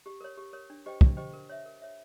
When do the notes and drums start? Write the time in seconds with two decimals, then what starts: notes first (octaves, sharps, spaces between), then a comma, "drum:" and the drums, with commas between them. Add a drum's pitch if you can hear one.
0.06 G4
0.21 A#4 C#5
0.37 G4
0.53 A#4 C#5
0.70 D4
0.86 G4 C5 D#5 G5
1.01 D4, drum: kick
1.17 G4 C5 D#5 G5
1.33 A#4
1.50 C#5 E5
1.66 A#4
1.82 C#5 E5